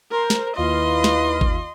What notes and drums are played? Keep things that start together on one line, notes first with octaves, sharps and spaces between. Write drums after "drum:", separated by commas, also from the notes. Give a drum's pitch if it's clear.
A#4 C5
drum: snare
D#2 E4 F4 B4 D#5 F5 C6
drum: snare
drum: kick G1